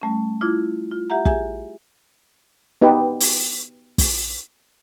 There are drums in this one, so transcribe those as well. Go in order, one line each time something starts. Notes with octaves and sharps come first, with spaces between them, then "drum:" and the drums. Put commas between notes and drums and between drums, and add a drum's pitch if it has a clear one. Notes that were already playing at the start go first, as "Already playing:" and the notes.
G3 A3 C#4
E4 F4 D6 G#6
F4
G4 E5 F#5 A#5
G4 G#4 E5 G#5, drum: kick
B3 D#4 G4 B4
drum: open hi-hat
drum: kick, open hi-hat